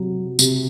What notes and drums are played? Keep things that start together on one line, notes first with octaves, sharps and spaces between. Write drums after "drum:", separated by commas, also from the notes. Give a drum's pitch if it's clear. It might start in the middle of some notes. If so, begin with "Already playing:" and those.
Already playing: C3 F#3
C3, drum: tambourine